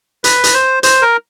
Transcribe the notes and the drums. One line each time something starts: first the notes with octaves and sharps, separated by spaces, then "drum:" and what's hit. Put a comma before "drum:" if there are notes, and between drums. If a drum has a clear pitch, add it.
B4, drum: hi-hat
drum: hi-hat
C5
C5, drum: hi-hat
A#4